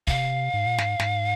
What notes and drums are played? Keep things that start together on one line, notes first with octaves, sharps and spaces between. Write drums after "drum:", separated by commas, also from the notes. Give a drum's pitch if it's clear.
C3 F5, drum: kick
G#2
A#2
G#2, drum: snare
G#2, drum: snare